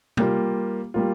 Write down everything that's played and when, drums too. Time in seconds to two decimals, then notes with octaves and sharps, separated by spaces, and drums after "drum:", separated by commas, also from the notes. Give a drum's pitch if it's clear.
0.17 G3 A#3 F4, drum: tom C3
0.94 G3 A#3 F4